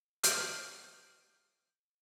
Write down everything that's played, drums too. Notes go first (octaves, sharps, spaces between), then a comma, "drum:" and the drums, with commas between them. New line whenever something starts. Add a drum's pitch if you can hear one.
F6 G6 D7, drum: hi-hat